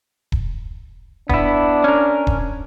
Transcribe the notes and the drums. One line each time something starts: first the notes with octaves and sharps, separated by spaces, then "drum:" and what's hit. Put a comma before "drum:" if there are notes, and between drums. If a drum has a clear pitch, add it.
drum: kick D#1
B3 D4 E4, drum: kick D#1
C#4 A#4
drum: kick D#1